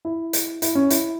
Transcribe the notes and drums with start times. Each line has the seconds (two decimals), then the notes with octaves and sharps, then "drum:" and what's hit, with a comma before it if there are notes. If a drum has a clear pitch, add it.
0.05 E4
0.33 drum: hi-hat
0.62 E4, drum: hi-hat
0.75 C#4
0.90 E4, drum: hi-hat